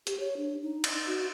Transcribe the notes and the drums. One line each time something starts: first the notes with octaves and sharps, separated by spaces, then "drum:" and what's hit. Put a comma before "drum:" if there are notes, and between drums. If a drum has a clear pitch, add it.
G4, drum: hi-hat
C#5
D4
D#4
drum: cymbal
F#4